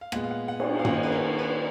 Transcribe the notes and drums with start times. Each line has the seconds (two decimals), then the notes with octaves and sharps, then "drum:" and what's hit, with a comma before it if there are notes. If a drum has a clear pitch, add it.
0.01 F5
0.12 A#2 G#3 B3 F#5, drum: rim click
0.24 F5
0.31 F#5
0.48 F#5
0.60 drum: cymbal
0.79 F5
0.85 D#3 A#3 C#4 F4 F#5, drum: tom
0.93 D#5
1.03 B4
1.12 A#4
1.39 B4